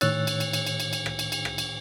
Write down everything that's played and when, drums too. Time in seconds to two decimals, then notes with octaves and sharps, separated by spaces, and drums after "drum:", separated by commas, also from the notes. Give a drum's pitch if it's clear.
0.01 A2 D#3 C#5 E6 F#6 A6, drum: cymbal
0.27 drum: cymbal
0.40 drum: cymbal
0.53 drum: cymbal
0.67 drum: cymbal
0.80 drum: cymbal
0.93 drum: cymbal
1.06 drum: rim click
1.19 drum: cymbal
1.32 drum: cymbal
1.45 drum: rim click
1.58 drum: cymbal